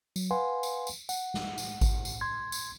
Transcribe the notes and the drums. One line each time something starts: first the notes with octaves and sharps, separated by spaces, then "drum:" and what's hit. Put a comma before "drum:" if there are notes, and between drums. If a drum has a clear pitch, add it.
F#3, drum: tambourine
B4 F5 F#5 G#5 C6
drum: tambourine
drum: tambourine
F#5, drum: tambourine
drum: snare
drum: tambourine
drum: kick G#1, tambourine
drum: tambourine
C6 G#6
drum: tambourine